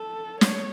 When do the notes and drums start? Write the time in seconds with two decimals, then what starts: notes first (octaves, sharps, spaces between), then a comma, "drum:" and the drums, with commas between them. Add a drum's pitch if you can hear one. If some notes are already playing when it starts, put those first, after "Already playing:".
Already playing: A4
0.41 C#5, drum: snare